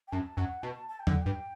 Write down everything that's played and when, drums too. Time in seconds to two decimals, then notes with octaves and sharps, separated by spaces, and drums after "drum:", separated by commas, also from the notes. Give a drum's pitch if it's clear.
0.08 G5
0.12 F#2 A5
0.37 F#2 F#5
0.63 B2 A5
0.88 A5
1.00 G5
1.07 D3, drum: tom E2
1.11 F#5
1.22 G2 G5